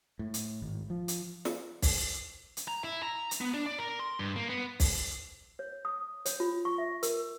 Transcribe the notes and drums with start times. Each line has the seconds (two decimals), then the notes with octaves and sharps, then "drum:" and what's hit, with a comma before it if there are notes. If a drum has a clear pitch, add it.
0.19 A2
0.34 drum: hi-hat
0.62 G#1
0.90 F3
1.08 drum: hi-hat
1.45 drum: snare
1.82 drum: kick, open hi-hat
2.57 drum: hi-hat
2.68 A#5
2.84 E4
3.03 A#5
3.31 drum: hi-hat
3.41 B3
3.54 D4
3.66 D5
3.78 A#4
4.00 C6
4.19 G2
4.36 A#3
4.49 B3
4.80 drum: kick, open hi-hat
5.59 C#5
5.85 D#6
6.26 C#5, drum: hi-hat
6.40 F4
6.65 C#6
6.78 E5
7.03 A#4, drum: hi-hat